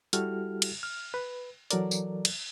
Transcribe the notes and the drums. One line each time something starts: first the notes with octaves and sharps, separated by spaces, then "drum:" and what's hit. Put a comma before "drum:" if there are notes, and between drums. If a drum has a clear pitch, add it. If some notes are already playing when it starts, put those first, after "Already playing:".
G3 E4 F#4 G4 A4 F6, drum: hi-hat
drum: cymbal
F6
B4
E3 F#3 A4 A#4 D5, drum: hi-hat
drum: tambourine
drum: cymbal